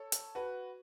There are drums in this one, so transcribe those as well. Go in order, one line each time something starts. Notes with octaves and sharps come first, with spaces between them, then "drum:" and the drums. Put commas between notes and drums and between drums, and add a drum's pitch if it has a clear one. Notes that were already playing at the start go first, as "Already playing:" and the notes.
Already playing: A4 C#5
drum: hi-hat
F#4 B4